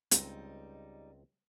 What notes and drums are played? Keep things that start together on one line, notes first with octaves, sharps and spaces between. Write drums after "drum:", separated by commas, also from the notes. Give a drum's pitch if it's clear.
C#2 G3 C4 D#4, drum: hi-hat